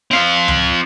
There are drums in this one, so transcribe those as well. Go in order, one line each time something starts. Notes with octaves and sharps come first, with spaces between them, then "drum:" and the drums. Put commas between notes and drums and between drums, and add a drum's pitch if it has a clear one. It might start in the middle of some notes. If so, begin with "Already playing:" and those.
C4 F5
drum: tom C#2